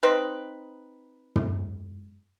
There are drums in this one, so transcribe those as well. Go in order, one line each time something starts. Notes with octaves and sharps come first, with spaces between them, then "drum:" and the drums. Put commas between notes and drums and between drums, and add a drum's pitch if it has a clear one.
C4 D#4 B4
drum: tom